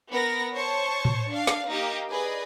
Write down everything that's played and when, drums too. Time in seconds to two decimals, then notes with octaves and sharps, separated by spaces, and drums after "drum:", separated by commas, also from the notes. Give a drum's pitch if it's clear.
0.11 B3 A#4 A#6
0.53 C5 C#5 A5 C#6
1.05 drum: tom A2
1.29 D4 F5
1.47 drum: snare
1.69 A#3 D#4 G4
2.11 G#4 B4 D5 D#5